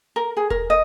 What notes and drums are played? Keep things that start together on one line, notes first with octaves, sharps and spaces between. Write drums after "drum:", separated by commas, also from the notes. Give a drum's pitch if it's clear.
A#4
G#4
A#4, drum: kick E1
D#5